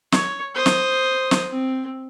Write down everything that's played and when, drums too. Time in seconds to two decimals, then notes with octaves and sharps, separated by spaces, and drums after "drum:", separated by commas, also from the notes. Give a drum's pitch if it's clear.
0.12 C#5, drum: snare
0.55 C5 D#6
0.66 drum: snare
1.31 drum: snare
1.51 C4